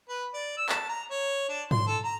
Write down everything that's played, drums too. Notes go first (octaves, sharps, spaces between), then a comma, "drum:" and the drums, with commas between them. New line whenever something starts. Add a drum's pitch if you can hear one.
B4
D5
E6
A5, drum: clap
A#5
C#5
D4
C6, drum: tom G#2
A4
A#5